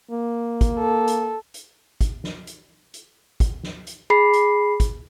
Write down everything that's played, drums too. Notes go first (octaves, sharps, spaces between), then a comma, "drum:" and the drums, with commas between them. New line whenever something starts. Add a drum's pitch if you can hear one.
A#3
drum: kick, hi-hat
A4
drum: hi-hat
drum: hi-hat
drum: kick, hi-hat
drum: snare
drum: hi-hat
drum: hi-hat
drum: kick, hi-hat
drum: snare
drum: hi-hat
G#4 B5 C7
drum: hi-hat
drum: kick, hi-hat